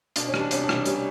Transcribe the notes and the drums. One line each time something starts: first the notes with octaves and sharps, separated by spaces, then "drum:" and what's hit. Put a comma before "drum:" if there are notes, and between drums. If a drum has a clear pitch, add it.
B2 D4, drum: hi-hat
C#4
G3, drum: rim click
D4
C2 C#4, drum: hi-hat
D4
C2, drum: rim click
G3 C#4, drum: hi-hat